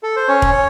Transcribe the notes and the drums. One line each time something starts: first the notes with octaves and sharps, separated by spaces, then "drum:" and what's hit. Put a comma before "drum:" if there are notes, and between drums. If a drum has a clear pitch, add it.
A4
C5
C#4 C#5
drum: kick E1